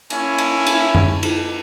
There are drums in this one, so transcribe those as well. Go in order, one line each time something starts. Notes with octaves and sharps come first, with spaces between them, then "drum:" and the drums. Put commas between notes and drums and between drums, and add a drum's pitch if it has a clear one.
A#3 C#4 E4 E5 G#5, drum: cymbal
drum: cymbal
drum: cymbal
drum: tom F#2
drum: cymbal